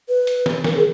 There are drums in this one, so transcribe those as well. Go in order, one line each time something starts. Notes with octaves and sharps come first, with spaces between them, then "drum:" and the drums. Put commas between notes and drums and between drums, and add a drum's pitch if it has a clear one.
B4
drum: hi-hat
drum: snare
A#4, drum: snare
G#4